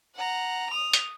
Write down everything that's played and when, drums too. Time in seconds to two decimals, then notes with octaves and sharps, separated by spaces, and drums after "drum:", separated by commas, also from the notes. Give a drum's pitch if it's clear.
0.16 F#5 A#5
0.72 D#6 F7
0.93 drum: hi-hat